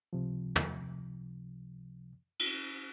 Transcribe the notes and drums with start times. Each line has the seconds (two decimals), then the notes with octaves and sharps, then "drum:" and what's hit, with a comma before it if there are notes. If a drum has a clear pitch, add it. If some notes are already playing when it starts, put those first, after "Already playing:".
0.13 C#2 C3 F3
0.56 drum: tom
2.39 drum: cymbal